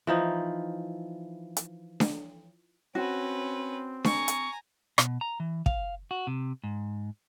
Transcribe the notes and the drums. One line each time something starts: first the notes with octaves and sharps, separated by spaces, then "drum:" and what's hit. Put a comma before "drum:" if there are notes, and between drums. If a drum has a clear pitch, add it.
E3 F3 D#4
drum: hi-hat
drum: snare D4
C4 C#4 F#4 B4
G#5 A#5 C#6, drum: snare D4
drum: hi-hat
B2, drum: rim click
A#5
E3
F5, drum: kick
F#4
C3
G#2